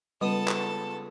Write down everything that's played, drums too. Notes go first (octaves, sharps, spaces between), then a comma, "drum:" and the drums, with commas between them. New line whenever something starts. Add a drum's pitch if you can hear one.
C#2 G3 B3 A4 A5 D#6
drum: clap